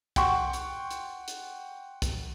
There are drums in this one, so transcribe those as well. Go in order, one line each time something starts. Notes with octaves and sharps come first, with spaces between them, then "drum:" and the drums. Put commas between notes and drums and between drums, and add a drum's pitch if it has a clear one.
F#5 G5 C6 C#6, drum: kick, hi-hat
drum: hi-hat
drum: hi-hat
drum: hi-hat
drum: kick, hi-hat